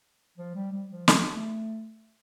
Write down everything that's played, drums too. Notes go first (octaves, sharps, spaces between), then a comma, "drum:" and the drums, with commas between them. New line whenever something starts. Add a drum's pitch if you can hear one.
F3
G3
G3
F3
A3, drum: snare
A3